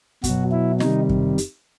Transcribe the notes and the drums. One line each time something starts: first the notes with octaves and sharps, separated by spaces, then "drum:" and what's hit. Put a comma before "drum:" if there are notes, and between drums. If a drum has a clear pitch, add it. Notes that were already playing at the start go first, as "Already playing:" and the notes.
B2 F#3 F#4, drum: kick F#2, hi-hat
E4
C3 D#3 G3 D#4, drum: snare
drum: kick F#2
drum: hi-hat